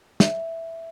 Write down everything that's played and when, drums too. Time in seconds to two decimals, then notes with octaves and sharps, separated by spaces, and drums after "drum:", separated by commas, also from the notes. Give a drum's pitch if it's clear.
0.20 E5, drum: snare